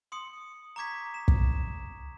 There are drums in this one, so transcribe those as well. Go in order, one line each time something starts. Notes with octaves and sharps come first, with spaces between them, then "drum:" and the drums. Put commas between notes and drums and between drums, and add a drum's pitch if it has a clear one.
C6 D#6 C#7
A#5 C#6 D6 G#6 B6
E7
drum: kick